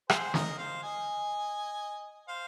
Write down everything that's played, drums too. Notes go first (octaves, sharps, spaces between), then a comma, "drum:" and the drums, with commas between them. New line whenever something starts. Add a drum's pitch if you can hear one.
G#4 C5, drum: rim click
A#4 D#5, drum: snare
C5 F5
D#5 G#5
C5 F5